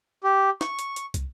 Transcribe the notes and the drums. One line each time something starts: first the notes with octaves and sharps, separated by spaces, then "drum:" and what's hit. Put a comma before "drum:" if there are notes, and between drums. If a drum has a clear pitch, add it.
G4
C#6, drum: snare
drum: hi-hat
drum: hi-hat
drum: kick, hi-hat